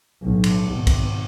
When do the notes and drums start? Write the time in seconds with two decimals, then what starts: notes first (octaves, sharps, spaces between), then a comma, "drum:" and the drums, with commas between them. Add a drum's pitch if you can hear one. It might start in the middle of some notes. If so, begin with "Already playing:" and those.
0.22 B1 A2
0.44 drum: cymbal
0.69 G#1 B2
0.87 drum: kick, cymbal